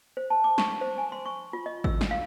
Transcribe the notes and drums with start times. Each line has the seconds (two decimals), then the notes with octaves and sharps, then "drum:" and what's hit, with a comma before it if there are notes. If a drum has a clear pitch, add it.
0.17 C5
0.30 A5
0.44 D6
0.58 C#6, drum: snare
0.81 C5
0.98 G#5
1.12 C6
1.26 C#6
1.53 F4
1.66 D#5
1.84 E6, drum: kick G#1
2.01 drum: snare
2.11 F5